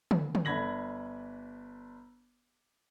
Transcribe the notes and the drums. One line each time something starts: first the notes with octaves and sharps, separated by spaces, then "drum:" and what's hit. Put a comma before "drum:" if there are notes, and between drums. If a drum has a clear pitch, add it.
drum: tom
drum: tom
G1 D4 B5 G#6 A#6 F#7